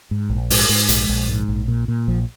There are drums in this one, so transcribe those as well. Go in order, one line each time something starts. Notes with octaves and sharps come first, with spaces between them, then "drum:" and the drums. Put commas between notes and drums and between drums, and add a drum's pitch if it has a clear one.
G#2
A#1
G#2, drum: open hi-hat
G#2
A#1 G#3, drum: hi-hat
A#1
G#2
A#1
A#2
A#2
A#1 F3